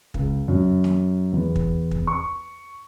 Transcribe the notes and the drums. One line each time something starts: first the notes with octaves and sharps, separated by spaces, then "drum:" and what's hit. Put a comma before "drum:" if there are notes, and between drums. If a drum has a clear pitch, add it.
C#2, drum: kick
F#2
drum: snare
E2
drum: kick
drum: kick
C#6